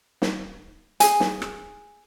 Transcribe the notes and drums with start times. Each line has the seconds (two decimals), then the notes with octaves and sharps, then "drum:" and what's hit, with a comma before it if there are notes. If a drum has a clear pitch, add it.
0.22 drum: snare
1.00 G#4 G#5, drum: hi-hat
1.20 drum: snare
1.42 drum: rim click